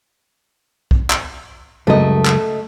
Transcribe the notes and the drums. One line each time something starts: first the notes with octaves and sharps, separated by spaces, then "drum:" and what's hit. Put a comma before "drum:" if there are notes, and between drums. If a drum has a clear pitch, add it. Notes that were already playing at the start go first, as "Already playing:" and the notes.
drum: kick B1
drum: clap
C#2 F#2 A3 D#5
drum: clap